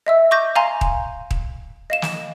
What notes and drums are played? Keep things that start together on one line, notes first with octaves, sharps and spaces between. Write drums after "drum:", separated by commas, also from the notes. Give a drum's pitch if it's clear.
D#5 E5 E6
C#6 D6 G6 A#6
F5 G#5 A#5 C6
drum: kick D#1
drum: kick D#1
D#5 F5 E7
drum: snare